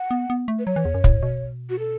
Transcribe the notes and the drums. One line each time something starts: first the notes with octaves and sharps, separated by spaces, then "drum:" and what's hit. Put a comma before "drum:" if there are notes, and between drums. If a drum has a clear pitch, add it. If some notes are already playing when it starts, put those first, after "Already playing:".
Already playing: F#5
B3
B3
A3
B4
F#3 C#5
E3
E2
F#2
A2, drum: kick
B2
F#4
A4